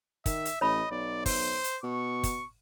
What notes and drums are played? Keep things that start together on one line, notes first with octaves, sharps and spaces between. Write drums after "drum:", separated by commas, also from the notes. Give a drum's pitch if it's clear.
D#3 E5, drum: kick, hi-hat
drum: hi-hat
A1 C#5 D#5 B5
B1 D5
C5, drum: kick, open hi-hat
drum: hi-hat
B2 C#6
drum: kick, hi-hat